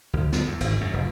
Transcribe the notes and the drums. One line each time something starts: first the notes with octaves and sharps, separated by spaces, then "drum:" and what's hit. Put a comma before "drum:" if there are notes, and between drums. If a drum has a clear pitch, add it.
D2
B3, drum: snare
E2
G#1, drum: cymbal
F#2
F1